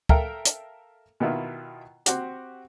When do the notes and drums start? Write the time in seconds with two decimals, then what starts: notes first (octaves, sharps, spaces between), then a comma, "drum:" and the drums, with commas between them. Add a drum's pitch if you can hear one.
0.09 A4 A#4 E5 F5 G5 A#5, drum: kick
0.45 drum: hi-hat
1.20 B2 D#3 B3 E4 F4
2.06 C4 F#4 G4, drum: hi-hat